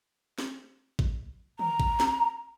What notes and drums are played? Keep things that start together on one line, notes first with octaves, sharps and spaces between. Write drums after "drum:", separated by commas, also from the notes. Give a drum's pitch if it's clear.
drum: snare
drum: kick A1
A#5, drum: tom
drum: kick A1
drum: snare